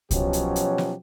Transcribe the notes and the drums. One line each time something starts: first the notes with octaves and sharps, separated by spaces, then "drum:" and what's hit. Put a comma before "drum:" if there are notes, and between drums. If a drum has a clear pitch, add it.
B2 F3 F#3 C#4 G4, drum: kick C2, hi-hat
drum: hi-hat
drum: hi-hat
drum: snare